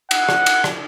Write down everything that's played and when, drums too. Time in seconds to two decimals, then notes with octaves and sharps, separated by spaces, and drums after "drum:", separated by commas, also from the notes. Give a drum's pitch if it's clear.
0.11 F#5, drum: cymbal
0.29 drum: rim click
0.46 drum: cymbal
0.64 drum: rim click